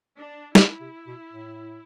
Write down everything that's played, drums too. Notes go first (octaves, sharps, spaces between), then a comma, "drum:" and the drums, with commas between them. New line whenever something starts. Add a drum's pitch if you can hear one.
D4
C#3 E4, drum: snare
C3
B2
A2